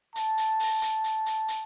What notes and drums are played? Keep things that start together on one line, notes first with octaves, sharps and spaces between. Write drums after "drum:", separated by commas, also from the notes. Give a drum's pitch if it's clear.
A5, drum: hi-hat
drum: hi-hat
drum: open hi-hat
drum: hi-hat
drum: hi-hat
drum: hi-hat
drum: hi-hat